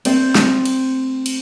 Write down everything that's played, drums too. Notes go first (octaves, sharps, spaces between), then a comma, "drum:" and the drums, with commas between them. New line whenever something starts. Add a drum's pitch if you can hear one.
A3 C4 D5, drum: cymbal
drum: snare
drum: cymbal
drum: cymbal